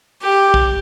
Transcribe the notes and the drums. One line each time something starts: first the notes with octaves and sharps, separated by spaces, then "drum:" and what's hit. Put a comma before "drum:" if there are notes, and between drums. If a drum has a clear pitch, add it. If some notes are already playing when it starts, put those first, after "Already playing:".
G4
drum: kick